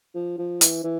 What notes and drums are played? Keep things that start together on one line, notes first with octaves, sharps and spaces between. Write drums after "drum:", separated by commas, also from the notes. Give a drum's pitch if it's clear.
F3
F3
E3, drum: hi-hat
E3